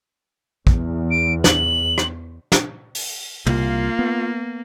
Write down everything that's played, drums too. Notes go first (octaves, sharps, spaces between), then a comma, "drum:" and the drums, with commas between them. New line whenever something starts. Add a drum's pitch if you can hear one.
E2, drum: kick
D7
F#7, drum: snare
drum: rim click
drum: snare
drum: open hi-hat
C2 A#3 F4, drum: tom
B3